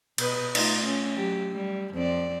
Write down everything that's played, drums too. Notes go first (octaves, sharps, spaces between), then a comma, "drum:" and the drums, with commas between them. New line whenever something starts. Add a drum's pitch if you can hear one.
B2 B4 D#5, drum: cymbal
A3 D#4 F4, drum: cymbal
C#4
F#3 G4
G3
F2 C4 D5